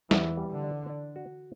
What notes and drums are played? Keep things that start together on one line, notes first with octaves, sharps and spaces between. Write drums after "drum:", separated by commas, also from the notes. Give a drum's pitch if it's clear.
E2 E3, drum: snare
G3
D3
D4
D4
F#4